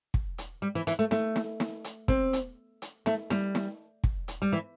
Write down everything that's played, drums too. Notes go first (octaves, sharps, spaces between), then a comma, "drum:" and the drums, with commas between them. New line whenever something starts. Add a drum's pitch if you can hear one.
drum: kick
drum: hi-hat
G3
E3
E3, drum: hi-hat
A3
A3, drum: snare
drum: snare
drum: snare
drum: hi-hat
C4, drum: kick
drum: hi-hat
drum: hi-hat
A3, drum: snare
G3, drum: snare
drum: snare
drum: kick
drum: hi-hat
G3
E3